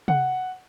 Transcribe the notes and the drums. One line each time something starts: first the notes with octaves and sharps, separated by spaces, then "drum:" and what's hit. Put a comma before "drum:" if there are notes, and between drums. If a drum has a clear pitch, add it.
F#5, drum: tom C3